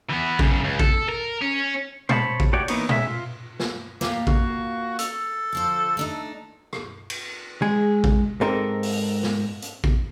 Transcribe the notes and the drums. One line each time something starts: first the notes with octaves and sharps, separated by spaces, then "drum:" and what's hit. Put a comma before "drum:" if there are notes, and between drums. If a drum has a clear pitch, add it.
E3 B3
F#2 C#3, drum: kick A1
C#2
A4, drum: kick A1
A#4
C#4
C5 C#5 A5 B5, drum: tom A#2
drum: kick A1
A3 F#4 G4 C#5 D5
E3 A#3 B3 D#4 C#5, drum: cymbal
G#4 E5, drum: tom A#2
F4
drum: snare
A#3 F4 G4, drum: snare
F#4, drum: kick A1
A4, drum: hi-hat
D3 F3 C5
A3 D4 D#4
drum: rim click
drum: cymbal
G#3 G#4
drum: kick A1
G#2 C4 D#4 A4 A#4
drum: open hi-hat
drum: snare
drum: hi-hat
drum: kick A1